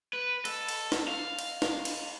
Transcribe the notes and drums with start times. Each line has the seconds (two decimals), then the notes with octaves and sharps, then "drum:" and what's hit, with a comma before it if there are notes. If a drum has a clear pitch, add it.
0.13 B4
0.45 A4, drum: cymbal
0.69 drum: cymbal
0.92 drum: snare
1.08 F5
1.39 drum: cymbal
1.62 drum: snare
1.85 drum: cymbal